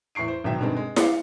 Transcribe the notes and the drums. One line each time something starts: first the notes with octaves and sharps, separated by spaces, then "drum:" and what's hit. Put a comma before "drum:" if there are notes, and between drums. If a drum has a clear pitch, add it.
E2 A2 C#6 C7 D7
C5
G#1 B2 F#3 E5 G5
G2 B2 D#3 G#3 C4 D4
G#3
F5 D6 C#7, drum: snare E4